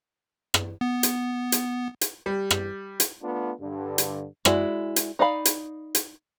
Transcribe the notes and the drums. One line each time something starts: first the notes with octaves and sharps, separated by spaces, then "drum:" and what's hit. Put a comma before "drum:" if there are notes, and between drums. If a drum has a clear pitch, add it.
drum: rim click
B3
drum: hi-hat
drum: hi-hat
drum: hi-hat
G3
drum: rim click
drum: hi-hat
A3 B3 D4 F4
G2 D3
drum: hi-hat
G#3 E4 F#4 D5, drum: rim click
drum: hi-hat
D#4 D5 F5 B5
drum: hi-hat
drum: hi-hat